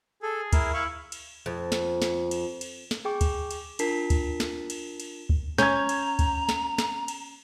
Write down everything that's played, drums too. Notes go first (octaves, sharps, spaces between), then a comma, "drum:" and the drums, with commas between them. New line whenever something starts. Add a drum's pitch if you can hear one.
G#4 A4
E4 A#4, drum: kick D2, cymbal
E4 F5 C#6
drum: cymbal
F2
drum: snare
drum: snare
drum: cymbal
drum: cymbal
drum: snare
G#4 G5 C#6 D6
drum: kick D2, cymbal
drum: cymbal
D4 F4 A#4 A5 B6 C7, drum: cymbal
drum: kick D2, cymbal
drum: snare
drum: cymbal
drum: cymbal
drum: kick D2
C#4 A#5 G6 G#6, drum: snare
drum: cymbal
drum: kick D2, cymbal
drum: snare
drum: snare
drum: cymbal